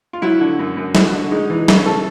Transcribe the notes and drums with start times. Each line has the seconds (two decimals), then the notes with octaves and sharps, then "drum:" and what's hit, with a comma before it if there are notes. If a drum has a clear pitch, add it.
0.13 F4
0.22 F#3 E4
0.40 D3
0.59 F#2
0.77 F#2
0.95 F#3, drum: snare
1.13 D3
1.31 G#3 D#4
1.50 E3
1.68 C#3, drum: snare
1.85 C#3 A4